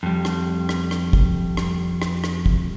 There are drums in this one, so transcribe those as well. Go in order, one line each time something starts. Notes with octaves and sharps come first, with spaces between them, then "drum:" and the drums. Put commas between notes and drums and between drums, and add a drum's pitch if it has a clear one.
F2 G3
drum: rim click
drum: rim click
drum: rim click
drum: kick
drum: rim click
drum: rim click
drum: rim click
drum: kick